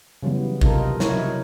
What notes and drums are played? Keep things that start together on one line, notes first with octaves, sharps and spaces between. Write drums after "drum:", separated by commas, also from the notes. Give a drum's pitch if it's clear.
C#3 E3 F#3 G3 B3
C3 D#4 F4 A4 A#4, drum: kick A1
D#5
F#3 E4 A#4 C#5, drum: snare
F#3 D#4